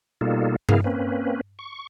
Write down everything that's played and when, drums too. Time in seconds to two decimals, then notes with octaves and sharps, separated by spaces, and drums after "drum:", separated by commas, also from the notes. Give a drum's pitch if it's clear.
0.21 B2 G3 A#3 D#4 F4 A4
0.69 C#3 B3 E4 G#4 A#4 F5, drum: tom G2
0.84 A#3 C4 C#4 B4
1.59 C#6